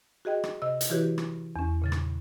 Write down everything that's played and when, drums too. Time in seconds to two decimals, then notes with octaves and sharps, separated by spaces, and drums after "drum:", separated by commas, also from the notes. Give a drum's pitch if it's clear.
0.25 F#4 G#4 D#5 G5
0.44 drum: rim click
0.62 C3 D#5 E6
0.81 drum: hi-hat
0.90 E3 E4 F#4 G4 B4 C#5
1.18 drum: rim click
1.56 E2 C#4
1.82 A#2 C#3 A6
1.92 drum: rim click